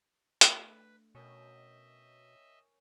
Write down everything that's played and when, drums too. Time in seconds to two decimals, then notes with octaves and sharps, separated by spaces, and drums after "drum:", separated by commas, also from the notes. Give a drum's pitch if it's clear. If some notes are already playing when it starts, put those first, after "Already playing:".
0.41 A3 D4 B4, drum: hi-hat
1.15 B2 C#4 A#4 D#5 E5 G5